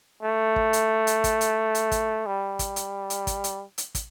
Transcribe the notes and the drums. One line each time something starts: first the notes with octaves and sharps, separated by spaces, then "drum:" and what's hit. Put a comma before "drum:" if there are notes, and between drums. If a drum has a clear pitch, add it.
A3
drum: kick
drum: hi-hat
drum: hi-hat
drum: kick, hi-hat
drum: hi-hat
drum: hi-hat
drum: kick, hi-hat
G3
drum: kick, hi-hat
drum: hi-hat
drum: hi-hat
drum: kick, hi-hat
drum: hi-hat
drum: hi-hat
drum: kick, hi-hat